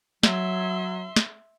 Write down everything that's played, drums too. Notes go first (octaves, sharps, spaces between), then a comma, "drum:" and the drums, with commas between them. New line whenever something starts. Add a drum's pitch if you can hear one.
F#3 E5 C6, drum: snare
drum: snare